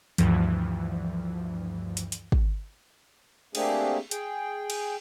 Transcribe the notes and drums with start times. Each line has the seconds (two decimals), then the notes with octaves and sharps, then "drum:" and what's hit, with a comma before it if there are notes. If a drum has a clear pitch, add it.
0.18 D2 G2 E3 F3, drum: hi-hat
1.97 drum: hi-hat
2.12 drum: hi-hat
2.32 drum: kick
3.55 A3 A#3 C4 D4 G4 G#4, drum: cymbal
4.11 G#4 G5, drum: hi-hat
4.70 drum: cymbal